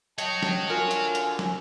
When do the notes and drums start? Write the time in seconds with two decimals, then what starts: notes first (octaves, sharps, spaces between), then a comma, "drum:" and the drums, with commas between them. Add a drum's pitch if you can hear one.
0.18 C#5 D#5 F#5 G5 A5, drum: hi-hat
0.43 drum: snare
0.70 D3 F4 F#4 A#4 G#5
0.91 drum: hi-hat
1.15 drum: hi-hat
1.39 drum: snare